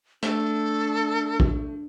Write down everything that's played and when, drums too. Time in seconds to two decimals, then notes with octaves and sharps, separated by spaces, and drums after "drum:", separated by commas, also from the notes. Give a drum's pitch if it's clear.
0.23 A3 D4 A4, drum: hi-hat
1.40 drum: kick